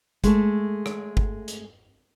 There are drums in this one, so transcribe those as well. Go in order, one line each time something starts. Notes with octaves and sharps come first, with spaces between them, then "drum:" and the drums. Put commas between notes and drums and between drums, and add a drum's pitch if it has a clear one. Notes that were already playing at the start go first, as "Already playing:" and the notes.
G#3 A3 A4, drum: kick G1, hi-hat
drum: rim click
drum: kick G1
drum: hi-hat